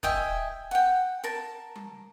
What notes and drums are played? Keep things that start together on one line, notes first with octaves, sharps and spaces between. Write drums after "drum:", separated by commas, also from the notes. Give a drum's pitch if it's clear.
D#5 E5 G5 G#5, drum: kick
F#5 G5
A#4 A5
drum: tom G3